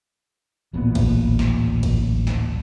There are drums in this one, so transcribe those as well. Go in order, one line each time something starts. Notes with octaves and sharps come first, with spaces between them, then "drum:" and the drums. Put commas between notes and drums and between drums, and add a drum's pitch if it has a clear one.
D1 A1 A#2 B3
drum: kick, cymbal
drum: snare
drum: kick, cymbal
drum: snare